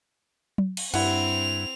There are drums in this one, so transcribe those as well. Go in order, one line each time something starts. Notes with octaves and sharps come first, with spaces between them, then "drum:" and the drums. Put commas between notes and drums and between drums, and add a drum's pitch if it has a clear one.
drum: tom F#3
drum: cymbal
G2 C4 E4 F#5 F7, drum: cymbal